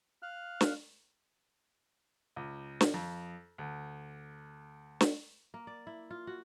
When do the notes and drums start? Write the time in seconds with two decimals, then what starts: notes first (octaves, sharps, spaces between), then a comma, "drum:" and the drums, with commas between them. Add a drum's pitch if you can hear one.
0.22 F5 F6 F#6
0.61 drum: snare
2.36 C#2
2.81 drum: snare
2.94 F2
3.58 D2
5.01 drum: snare
5.54 A#3
5.67 D5
5.87 E4
6.11 F4
6.27 F#4